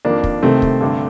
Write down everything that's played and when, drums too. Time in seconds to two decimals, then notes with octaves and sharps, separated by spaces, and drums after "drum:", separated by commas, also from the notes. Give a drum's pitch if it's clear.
0.05 F2 D#3 A#3 D4
0.24 drum: kick
0.42 C2 C3 D#3 A3 C4
0.62 drum: kick
0.81 G2 D3